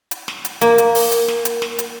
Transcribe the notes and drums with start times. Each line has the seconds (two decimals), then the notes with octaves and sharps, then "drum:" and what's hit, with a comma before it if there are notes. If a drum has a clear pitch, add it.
0.11 drum: hi-hat
0.28 drum: snare
0.45 drum: hi-hat
0.61 A#3, drum: hi-hat
0.78 drum: hi-hat
0.95 drum: open hi-hat
1.12 drum: hi-hat
1.28 drum: snare
1.45 drum: hi-hat
1.62 drum: snare
1.79 drum: hi-hat